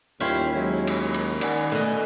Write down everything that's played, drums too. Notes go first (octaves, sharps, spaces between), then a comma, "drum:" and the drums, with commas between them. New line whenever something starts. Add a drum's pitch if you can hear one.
D#2 G3 C#4 E4 F4 C5 G5
F#3 G#3
drum: cymbal
drum: cymbal
D#3 D5 F#5 G#5, drum: cymbal
B2 A3 D#5